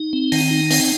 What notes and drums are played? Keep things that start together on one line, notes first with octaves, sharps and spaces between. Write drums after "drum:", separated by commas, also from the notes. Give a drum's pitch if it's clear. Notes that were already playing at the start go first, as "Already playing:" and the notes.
Already playing: D#4
C4
D#3, drum: open hi-hat
D#4
C4, drum: open hi-hat